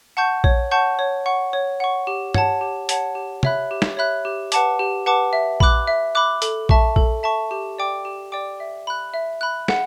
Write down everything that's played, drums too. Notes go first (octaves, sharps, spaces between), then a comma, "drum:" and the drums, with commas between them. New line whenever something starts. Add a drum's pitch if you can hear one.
F#5 A5 C#6 G6
C#5, drum: kick A#1
F#5 A5 C#6 G6
C#5
F#5 C#6
C#5
F#5 C#6
G4
C#5 F#5 A5, drum: tom
G4
C#5 F#5 A5, drum: hi-hat
G4
C#5 E5 B5 F#6, drum: tom
G4
drum: snare
C#5 E5 B5 F#6
G4
B4 F#5 A5 D6, drum: hi-hat
G4
B4 F#5 A5 D6
E5
B5 D6 F#6, drum: kick A#1
E5
B5 D6 F#6
A4, drum: hi-hat
E5 A5 C#6, drum: kick A#1
A4, drum: kick A#1
E5 A5 C#6
G4
D5 G5 D6
G4
D5 G5 D6
E5
B5 F#6
E5
B5 F#6
F#5, drum: snare